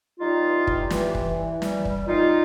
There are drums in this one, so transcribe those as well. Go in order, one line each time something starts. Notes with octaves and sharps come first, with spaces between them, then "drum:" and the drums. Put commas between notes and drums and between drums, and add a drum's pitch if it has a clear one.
G3 D#4 F4
E3
G3, drum: kick
E3, drum: snare
E3, drum: kick
E3
G3, drum: snare
G3, drum: kick
G3 D#4 F4